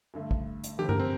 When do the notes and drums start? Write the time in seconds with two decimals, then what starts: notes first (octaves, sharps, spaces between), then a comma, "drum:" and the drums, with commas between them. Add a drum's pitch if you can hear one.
0.14 G2 D3 A3
0.31 drum: kick
0.64 drum: hi-hat
0.78 F1 F2 D3 G4
0.89 A#4, drum: tom G2
1.00 C4